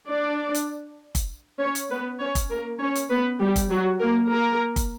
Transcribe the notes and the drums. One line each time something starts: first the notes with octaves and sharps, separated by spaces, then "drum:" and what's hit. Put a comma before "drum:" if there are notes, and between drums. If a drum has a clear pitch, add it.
D4 D5
drum: hi-hat
drum: kick, hi-hat
C#4 C#5
drum: hi-hat
B3 B4
C#4 C#5
drum: kick, hi-hat
A#3 A#4
C#4 C#5
drum: hi-hat
B3 B4
G3 G4
drum: kick, hi-hat
F#3 F#4
A#3 A#4
A#3 A#4
drum: kick, hi-hat